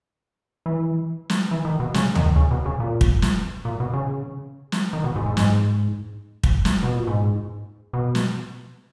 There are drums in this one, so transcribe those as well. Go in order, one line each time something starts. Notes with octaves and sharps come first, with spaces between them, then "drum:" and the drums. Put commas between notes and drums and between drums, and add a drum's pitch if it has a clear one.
E3
drum: snare
E3
D#3
B2
C#3, drum: snare
D#3, drum: tom
C#3
B2
C#3
A#2
drum: kick
drum: snare
A#2
B2
C#3
drum: snare
D#3
B2
G#2
G#2
G#2, drum: snare
drum: kick
drum: snare
B2
A#2
G#2
B2
drum: snare